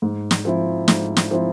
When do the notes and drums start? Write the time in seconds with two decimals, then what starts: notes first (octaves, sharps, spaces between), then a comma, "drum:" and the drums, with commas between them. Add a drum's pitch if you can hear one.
0.02 G#2
0.31 drum: snare
0.45 F3 C4 E4
0.88 G#2, drum: snare
1.17 drum: snare
1.31 F3 C4 E4